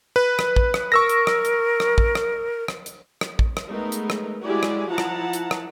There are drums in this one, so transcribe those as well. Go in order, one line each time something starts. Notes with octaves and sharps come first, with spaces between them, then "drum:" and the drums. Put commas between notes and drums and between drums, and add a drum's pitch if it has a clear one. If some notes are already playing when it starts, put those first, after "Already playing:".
B4
drum: rim click
drum: kick
drum: rim click
A#4 C#6 E6 A#6
drum: hi-hat
drum: rim click
drum: hi-hat
drum: rim click
drum: kick
drum: rim click
drum: rim click
drum: hi-hat
drum: rim click
drum: kick
drum: rim click
G#3 A3 B3 D#4 A#4
drum: hi-hat
drum: rim click
G#3 E4 F#4 G4 D5 G#5
drum: rim click
F3 E4 F#5 A5 A#5
drum: rim click
drum: hi-hat
drum: rim click